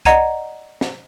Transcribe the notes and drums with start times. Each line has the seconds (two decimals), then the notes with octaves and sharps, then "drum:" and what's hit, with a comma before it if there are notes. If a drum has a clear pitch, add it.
0.05 D5 D#5 F#5 A#5 G#6 D#7, drum: kick C2, hi-hat
0.81 drum: snare